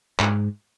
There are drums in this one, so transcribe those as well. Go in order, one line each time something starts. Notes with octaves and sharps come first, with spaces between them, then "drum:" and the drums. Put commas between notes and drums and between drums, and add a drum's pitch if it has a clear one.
G#2, drum: clap